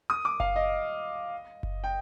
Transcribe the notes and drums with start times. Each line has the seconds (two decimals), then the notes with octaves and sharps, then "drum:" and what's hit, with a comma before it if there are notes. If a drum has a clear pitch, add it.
0.10 D#6
0.25 D6
0.40 F5, drum: kick F#1
0.56 D#5
1.63 drum: kick F#1
1.84 G5